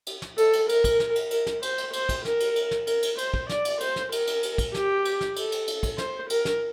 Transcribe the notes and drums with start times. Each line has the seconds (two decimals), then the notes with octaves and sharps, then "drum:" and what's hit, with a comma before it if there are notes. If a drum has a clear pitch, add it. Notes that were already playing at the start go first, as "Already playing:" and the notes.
0.06 drum: cymbal
0.22 drum: snare
0.37 A4, drum: cymbal
0.53 drum: cymbal
0.69 A#4, drum: cymbal
0.84 drum: kick, cymbal
1.00 drum: snare
1.15 drum: cymbal
1.31 A#4, drum: cymbal
1.47 drum: snare
1.62 C5, drum: cymbal
1.78 drum: cymbal
1.93 C5, drum: cymbal
2.09 drum: kick, cymbal
2.25 A#4, drum: snare
2.40 drum: cymbal
2.56 drum: cymbal
2.71 drum: snare
2.87 A#4, drum: cymbal
3.02 drum: cymbal
3.18 C5, drum: cymbal
3.34 drum: kick
3.49 D5, drum: snare
3.65 drum: cymbal
3.80 C5, drum: cymbal
3.96 drum: snare
4.12 A#4, drum: cymbal
4.27 drum: cymbal
4.43 drum: cymbal
4.58 drum: kick, cymbal
4.74 G4, drum: snare
5.05 drum: cymbal
5.21 drum: snare
5.36 A4, drum: cymbal
5.52 drum: cymbal
5.67 drum: cymbal
5.83 drum: kick, cymbal
5.98 C5, drum: snare
6.30 A#4, drum: cymbal
6.45 drum: snare